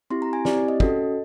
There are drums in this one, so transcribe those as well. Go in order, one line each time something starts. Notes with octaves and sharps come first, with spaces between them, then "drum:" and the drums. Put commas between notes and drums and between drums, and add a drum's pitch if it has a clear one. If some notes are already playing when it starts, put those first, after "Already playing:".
C4 E4 G4 C6
A#5
G#5
C4 E4 G4 D5, drum: snare
D#5
C#4 F#4 A4, drum: kick